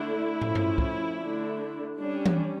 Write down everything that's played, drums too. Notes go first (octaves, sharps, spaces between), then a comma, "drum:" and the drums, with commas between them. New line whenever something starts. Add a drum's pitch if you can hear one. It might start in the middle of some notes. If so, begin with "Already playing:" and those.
Already playing: D3 A3 D4 E4
F3 A3 C#4, drum: tom
drum: tom G2
drum: kick
D3 A3 D4
G3 C#4 D4
drum: tom E3